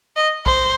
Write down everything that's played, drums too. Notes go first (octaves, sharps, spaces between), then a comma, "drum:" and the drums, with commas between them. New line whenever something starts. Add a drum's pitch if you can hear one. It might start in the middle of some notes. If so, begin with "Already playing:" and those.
D#5
C5, drum: kick A#1